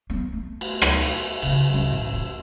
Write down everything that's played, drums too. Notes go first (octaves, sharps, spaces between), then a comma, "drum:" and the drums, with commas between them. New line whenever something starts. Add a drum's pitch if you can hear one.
A#3 B3
A3
drum: cymbal
drum: rim click
drum: cymbal
C#3 E4, drum: cymbal
D#1 C#2
A2 D#3
F4